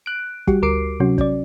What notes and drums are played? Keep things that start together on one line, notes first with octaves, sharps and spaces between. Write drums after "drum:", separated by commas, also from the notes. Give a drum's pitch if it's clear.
F#6 D7
G3 F#4 G4, drum: kick
D2 A#4 D6 C7 D7
C3 F#3 C#4 F#4
C#4 D5, drum: kick